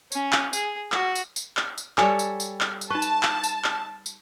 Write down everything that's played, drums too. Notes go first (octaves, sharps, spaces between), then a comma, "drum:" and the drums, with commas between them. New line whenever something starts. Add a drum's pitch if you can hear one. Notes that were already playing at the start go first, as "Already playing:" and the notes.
C#4, drum: tambourine
drum: clap
G#4, drum: tambourine
F#4, drum: clap
drum: tambourine
drum: tambourine
drum: clap
drum: tambourine
G3 A4 C#5 G#5, drum: clap
drum: tambourine
drum: tambourine
drum: clap
drum: tambourine
D#4 B4 A5 C#6
drum: tambourine
drum: clap
drum: tambourine
drum: clap
drum: tambourine